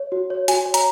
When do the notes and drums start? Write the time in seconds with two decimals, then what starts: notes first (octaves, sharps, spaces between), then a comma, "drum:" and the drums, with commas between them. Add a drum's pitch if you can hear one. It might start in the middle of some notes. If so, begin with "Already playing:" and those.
Already playing: C#5
0.12 F#4
0.30 C#5
0.48 F#4 G#5, drum: hi-hat
0.66 C#5
0.74 A#5, drum: hi-hat